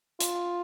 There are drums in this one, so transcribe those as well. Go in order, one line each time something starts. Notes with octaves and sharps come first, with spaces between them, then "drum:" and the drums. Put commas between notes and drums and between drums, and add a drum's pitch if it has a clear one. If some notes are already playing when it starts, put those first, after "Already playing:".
F4, drum: hi-hat